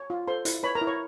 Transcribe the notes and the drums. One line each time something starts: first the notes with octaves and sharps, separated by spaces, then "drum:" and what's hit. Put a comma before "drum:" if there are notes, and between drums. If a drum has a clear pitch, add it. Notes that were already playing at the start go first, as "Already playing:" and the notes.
Already playing: C#5
F4
A4 C5 C6
E4, drum: hi-hat
B4 C#5 B5
A#4 A#5
E4
C#5 C#6